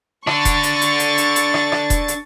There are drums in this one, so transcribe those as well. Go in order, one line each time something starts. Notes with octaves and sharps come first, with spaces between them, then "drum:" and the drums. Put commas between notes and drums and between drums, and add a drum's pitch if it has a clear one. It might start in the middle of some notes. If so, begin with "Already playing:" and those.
D4 A4 C#6 A6, drum: rim click
drum: kick E1, hi-hat
drum: hi-hat
drum: hi-hat
drum: hi-hat
drum: hi-hat
drum: hi-hat
drum: rim click
drum: rim click
drum: kick E1, hi-hat
drum: hi-hat